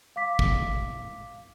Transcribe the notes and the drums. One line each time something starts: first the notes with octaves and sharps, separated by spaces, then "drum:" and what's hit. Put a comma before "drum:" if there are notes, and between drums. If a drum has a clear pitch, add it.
F5 D6 B6
drum: kick